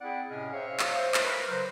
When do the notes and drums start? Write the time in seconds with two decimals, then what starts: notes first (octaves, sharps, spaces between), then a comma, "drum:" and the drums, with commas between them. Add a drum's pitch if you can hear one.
0.01 C4 E4 G#4 D5 F#5 G5
0.30 A2 C3 C#4 G#4 D#5 F6
0.53 C5 C#5 E5 F5
0.80 drum: clap
0.98 C5
1.14 drum: clap
1.23 A#4 B4
1.49 C#3 F#3 B4 C5